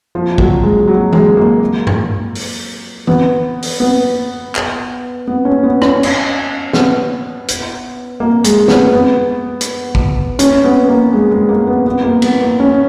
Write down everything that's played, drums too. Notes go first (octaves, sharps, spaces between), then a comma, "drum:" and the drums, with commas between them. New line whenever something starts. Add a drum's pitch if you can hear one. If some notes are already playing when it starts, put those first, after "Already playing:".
F3
F#3, drum: kick
G#3
F#3
G#3, drum: tom E3
A#3
drum: tom G2
drum: open hi-hat
B3, drum: tom E3
drum: open hi-hat
B3
drum: clap
B3
C#4
B3
C#4, drum: rim click
drum: cymbal
B3, drum: snare
drum: hi-hat
A#3
G#3, drum: hi-hat
B3, drum: snare
B3
drum: hi-hat
drum: kick
C#4, drum: hi-hat
B3
A#3
G#3
G#3
A#3
B3
B3
A#3
B3, drum: cymbal
A#3
C#4